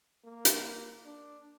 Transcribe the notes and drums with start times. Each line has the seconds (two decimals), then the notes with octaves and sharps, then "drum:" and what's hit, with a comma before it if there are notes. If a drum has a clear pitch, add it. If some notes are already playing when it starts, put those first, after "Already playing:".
0.24 A#3
0.45 drum: hi-hat
1.05 D4